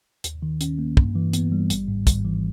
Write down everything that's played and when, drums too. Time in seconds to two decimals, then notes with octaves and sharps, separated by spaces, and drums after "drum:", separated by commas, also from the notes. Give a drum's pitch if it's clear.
0.24 D#2, drum: hi-hat
0.42 D#3
0.61 C#4, drum: hi-hat
0.79 A#3
0.97 G2, drum: kick
1.15 E3
1.33 B3, drum: hi-hat
1.52 G3
1.70 G#1, drum: hi-hat
1.88 G#2
2.07 G#1, drum: kick, hi-hat
2.25 E3